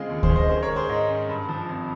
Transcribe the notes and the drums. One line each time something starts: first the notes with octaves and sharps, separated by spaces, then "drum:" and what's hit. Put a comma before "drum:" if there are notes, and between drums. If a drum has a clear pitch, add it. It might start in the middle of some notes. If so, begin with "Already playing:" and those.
Already playing: C#3 G#3 C4 F4 G#4
D#2
G#4 C5, drum: kick D2
C#4
C5 D#5
D#3 G#4 C5
A#4 C#5
G#3
G#4 C5
G#2 D#4
C#4
G2
F3
G#1